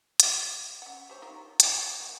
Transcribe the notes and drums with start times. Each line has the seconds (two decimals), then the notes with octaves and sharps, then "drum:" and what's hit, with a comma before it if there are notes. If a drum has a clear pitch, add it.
0.20 drum: hi-hat
0.82 C#4 F#5
1.09 G4 C5 C#5
1.22 D#4 F4 A#4
1.60 G#5 B5, drum: hi-hat
1.78 F#4
2.00 F#3 A#3